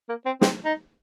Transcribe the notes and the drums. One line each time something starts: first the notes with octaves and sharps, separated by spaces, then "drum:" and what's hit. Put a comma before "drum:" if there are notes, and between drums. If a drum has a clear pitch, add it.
A#3
C4
C4, drum: snare
D#4